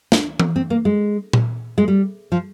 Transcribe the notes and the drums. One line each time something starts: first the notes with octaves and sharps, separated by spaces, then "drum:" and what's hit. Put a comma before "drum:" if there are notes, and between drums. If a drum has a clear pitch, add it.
D4, drum: snare
drum: tom E3
C4
A#3
G#3
drum: tom A#2
G#3
G3
F3